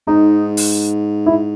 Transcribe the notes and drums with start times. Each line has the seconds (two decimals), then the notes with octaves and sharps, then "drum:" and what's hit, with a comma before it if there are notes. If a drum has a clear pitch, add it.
0.07 G#2 D#4
0.57 drum: open hi-hat
1.26 E4